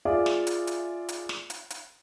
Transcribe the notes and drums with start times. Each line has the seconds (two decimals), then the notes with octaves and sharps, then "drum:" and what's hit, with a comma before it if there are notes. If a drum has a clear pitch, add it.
0.05 F4 G#4 D5 E5 F5
0.26 drum: snare
0.47 drum: hi-hat
0.67 drum: hi-hat
1.09 drum: hi-hat
1.29 drum: snare
1.50 drum: hi-hat
1.70 drum: hi-hat